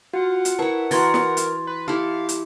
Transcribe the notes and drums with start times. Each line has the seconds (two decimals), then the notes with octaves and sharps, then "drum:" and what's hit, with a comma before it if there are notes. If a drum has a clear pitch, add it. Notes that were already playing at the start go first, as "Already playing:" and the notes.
0.14 F4 F#4 F#5
0.45 drum: hi-hat
0.59 E4 A#4 B4 C#5 A5 C#6
0.91 E3 F#4 A#4 C6 G#6 A6, drum: open hi-hat
1.14 drum: snare
1.37 drum: hi-hat
1.67 B4
1.88 E4 G4 A4 F5
2.29 drum: hi-hat